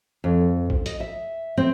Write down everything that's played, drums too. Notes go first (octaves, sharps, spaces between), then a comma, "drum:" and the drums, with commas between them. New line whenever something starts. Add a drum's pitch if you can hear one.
F2
drum: kick A#1
D#5, drum: hi-hat
E5
C4